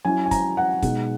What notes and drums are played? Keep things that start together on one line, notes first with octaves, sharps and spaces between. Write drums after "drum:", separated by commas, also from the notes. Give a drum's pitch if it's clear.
F#3 C#4 E4 G#5
G#5
A#5, drum: kick, hi-hat
F#5
B2 G#3 D#4, drum: kick, hi-hat